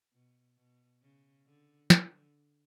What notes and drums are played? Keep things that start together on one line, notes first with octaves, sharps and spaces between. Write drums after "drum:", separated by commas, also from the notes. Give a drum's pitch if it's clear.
B2
B2
C#3
D3
D3, drum: snare